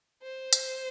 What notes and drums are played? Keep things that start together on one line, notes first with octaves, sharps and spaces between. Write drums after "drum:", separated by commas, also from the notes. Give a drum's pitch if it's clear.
C5
drum: hi-hat